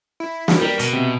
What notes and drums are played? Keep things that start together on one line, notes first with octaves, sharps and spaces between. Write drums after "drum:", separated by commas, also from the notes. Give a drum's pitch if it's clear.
E4
drum: snare
G3 A#4
B2, drum: hi-hat
C3